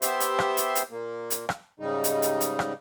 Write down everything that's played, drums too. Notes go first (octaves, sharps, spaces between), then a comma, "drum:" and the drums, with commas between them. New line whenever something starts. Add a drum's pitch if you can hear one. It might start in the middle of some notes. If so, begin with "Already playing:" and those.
B3 G4 C5 E5 C6, drum: hi-hat
drum: hi-hat
drum: rim click
drum: hi-hat
drum: hi-hat
A#2 A#3
drum: hi-hat
drum: rim click
G#2 C#3 G3 D#4
drum: hi-hat
drum: hi-hat
drum: hi-hat
drum: rim click